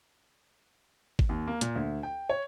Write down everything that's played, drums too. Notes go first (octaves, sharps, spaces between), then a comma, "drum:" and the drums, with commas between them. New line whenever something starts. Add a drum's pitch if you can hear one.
drum: kick G#1
D#2
A#3
A#2, drum: hi-hat
D2
G5
C#5